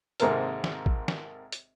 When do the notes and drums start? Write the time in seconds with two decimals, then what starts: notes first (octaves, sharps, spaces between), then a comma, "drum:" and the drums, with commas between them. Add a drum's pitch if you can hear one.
0.20 G#1 G#2 C3 A#3 A4 A#4, drum: hi-hat
0.64 drum: snare
0.86 drum: kick
1.08 drum: snare
1.52 drum: hi-hat